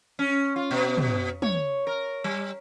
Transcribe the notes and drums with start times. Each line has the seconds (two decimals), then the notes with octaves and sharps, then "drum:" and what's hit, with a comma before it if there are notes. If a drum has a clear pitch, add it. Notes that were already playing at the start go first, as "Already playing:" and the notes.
0.19 C#4
0.56 F4
0.71 B2
0.98 drum: tom
1.42 C#5, drum: tom
1.87 A#4
2.24 G3